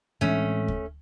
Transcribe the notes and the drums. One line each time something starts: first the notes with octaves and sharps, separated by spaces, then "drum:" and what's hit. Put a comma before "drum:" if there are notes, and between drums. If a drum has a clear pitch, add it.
A2 E3 G#3 A3 C4 C#4
drum: kick